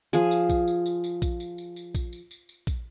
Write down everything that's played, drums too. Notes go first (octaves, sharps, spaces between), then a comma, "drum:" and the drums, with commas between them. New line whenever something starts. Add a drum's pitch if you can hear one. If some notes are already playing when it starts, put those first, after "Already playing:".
F3 G#4, drum: tambourine
drum: tambourine
drum: kick, tambourine
drum: tambourine
drum: tambourine
drum: tambourine
drum: kick, tambourine
drum: tambourine
drum: tambourine
drum: tambourine
drum: kick, tambourine
drum: tambourine
drum: tambourine
drum: tambourine
drum: kick, tambourine